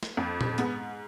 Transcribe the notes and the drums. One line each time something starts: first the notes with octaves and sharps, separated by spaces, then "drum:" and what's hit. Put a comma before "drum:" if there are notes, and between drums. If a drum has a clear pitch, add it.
drum: snare
F2
drum: tom A#2
G#2 B3, drum: hi-hat